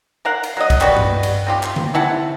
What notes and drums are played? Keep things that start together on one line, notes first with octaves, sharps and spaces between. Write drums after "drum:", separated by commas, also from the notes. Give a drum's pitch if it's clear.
A#4 F5 F#5
drum: cymbal
F#3 D#5
drum: kick, cymbal
G3 F#4 B4, drum: clap
drum: tom G2
drum: cymbal
C4 F4 G4
drum: clap
drum: tom D3
C3 E4 F#5 A5